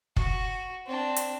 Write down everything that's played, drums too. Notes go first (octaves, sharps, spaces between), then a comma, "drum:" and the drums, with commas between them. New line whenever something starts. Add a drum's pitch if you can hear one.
F#4, drum: kick
C4 D4
drum: hi-hat